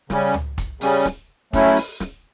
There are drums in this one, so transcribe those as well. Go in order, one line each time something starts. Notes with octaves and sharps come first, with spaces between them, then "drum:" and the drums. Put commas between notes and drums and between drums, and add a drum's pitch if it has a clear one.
C#3 G3 C#4, drum: snare
drum: tom C#2
drum: kick, hi-hat
C#3 G3 C#4, drum: open hi-hat
drum: snare
F#3 A3 C#4 E4, drum: kick, hi-hat
drum: open hi-hat
drum: snare